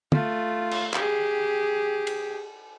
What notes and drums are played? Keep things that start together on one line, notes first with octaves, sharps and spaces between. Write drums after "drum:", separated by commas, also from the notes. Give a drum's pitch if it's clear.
A3 F4, drum: tom
drum: cymbal
G4 G#4, drum: clap
drum: cymbal